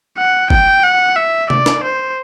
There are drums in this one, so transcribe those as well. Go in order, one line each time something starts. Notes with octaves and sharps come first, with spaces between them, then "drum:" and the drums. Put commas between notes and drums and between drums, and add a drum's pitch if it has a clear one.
F#5
G5, drum: kick
F#5
E5
D5, drum: tom C3
drum: snare
C5